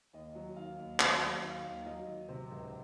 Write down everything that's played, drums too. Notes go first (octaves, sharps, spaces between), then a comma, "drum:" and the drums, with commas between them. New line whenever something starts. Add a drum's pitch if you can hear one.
D#2 D#5
F#3
D#3 F5
D#2
D#2 F5, drum: clap
F#3
D#3 F5
D#2
F#3 D#5
D#3
C3 C5
C#2